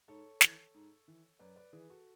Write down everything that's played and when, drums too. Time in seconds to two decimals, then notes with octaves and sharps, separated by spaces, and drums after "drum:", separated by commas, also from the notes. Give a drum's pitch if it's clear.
0.08 G#2 A4 C#5
0.41 E3, drum: snare
0.74 G#2
1.08 E3
1.39 F#2 B4 D5
1.56 B4 D5
1.73 E3 G#4 B4
1.90 F#4 A4